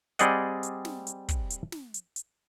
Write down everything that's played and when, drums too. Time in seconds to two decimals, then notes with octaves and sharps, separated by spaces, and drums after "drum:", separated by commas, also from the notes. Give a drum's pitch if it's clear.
0.19 G3 C4 G#4 D5 D#5 F#5, drum: hi-hat
0.63 drum: hi-hat
0.85 drum: snare
1.07 drum: hi-hat
1.29 drum: kick, hi-hat
1.50 drum: hi-hat
1.72 drum: snare
1.94 drum: hi-hat
2.16 drum: hi-hat